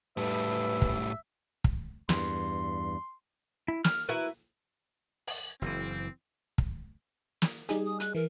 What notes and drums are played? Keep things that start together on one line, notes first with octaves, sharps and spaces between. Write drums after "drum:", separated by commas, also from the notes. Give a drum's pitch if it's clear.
A2 G3 B4 E5
drum: kick
drum: kick
E2 G2 C6, drum: snare
E4
F6, drum: snare
E4 F#4 A#4 B4
drum: open hi-hat
F#1 E3 C4
drum: kick
drum: snare
G3 D#4 G4 G#4, drum: hi-hat
D#6
F#6, drum: hi-hat
E3 A#4